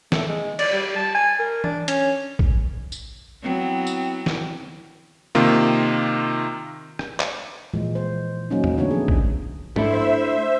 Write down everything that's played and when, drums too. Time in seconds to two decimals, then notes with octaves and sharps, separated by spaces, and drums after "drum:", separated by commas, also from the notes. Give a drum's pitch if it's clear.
0.12 A3, drum: snare
0.29 G#3
0.59 D5, drum: cymbal
0.73 G3
0.96 A5
1.15 G#5
1.39 A#4
1.64 D4, drum: tom E3
1.88 C#4, drum: hi-hat
2.39 drum: kick A1
2.92 drum: tambourine
3.43 F#3 B3 C4 E4
3.87 drum: tambourine
4.26 drum: snare
5.35 C3 D#3 A#3 F4
6.99 drum: rim click
7.20 drum: clap
7.74 A#2 E3 F3 G#3
7.95 C5
8.50 F#3 A#3 C#4 D#4
8.64 drum: tom E2
8.77 D3 A3 B3 D4 C#5
8.91 F3 G#4
9.08 drum: kick A1
9.76 A3 D4 E4 C5 E5, drum: tom